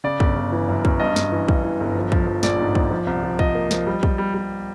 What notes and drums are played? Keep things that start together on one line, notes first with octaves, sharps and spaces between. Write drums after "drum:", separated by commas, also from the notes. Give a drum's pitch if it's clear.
C#3 D5
G1, drum: kick
G1
E3
F#2
F#2, drum: kick
G2 D#5
G2, drum: snare
E3
G2, drum: kick
E3
G1
F3
F3, drum: kick
F3
A#1 D5, drum: snare
G#2
A#1, drum: kick
F3
C2
F3
F3 D#5, drum: kick
A#3
F3, drum: snare
G3
G3, drum: kick
G3
G3